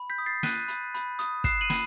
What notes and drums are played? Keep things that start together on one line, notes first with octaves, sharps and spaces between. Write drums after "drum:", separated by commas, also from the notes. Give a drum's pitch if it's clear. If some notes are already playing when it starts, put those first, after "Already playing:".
Already playing: B5
G6 B6
D#6
A6 C7
F#6 B6 D#7, drum: snare
B5, drum: hi-hat
B5, drum: hi-hat
D#6, drum: hi-hat
F#6 C7 E7, drum: kick, hi-hat
D#7 F#7
B5, drum: snare